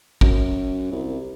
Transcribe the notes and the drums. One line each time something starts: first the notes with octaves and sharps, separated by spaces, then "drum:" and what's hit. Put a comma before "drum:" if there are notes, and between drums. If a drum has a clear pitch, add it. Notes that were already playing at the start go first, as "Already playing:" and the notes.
F#2, drum: kick
C2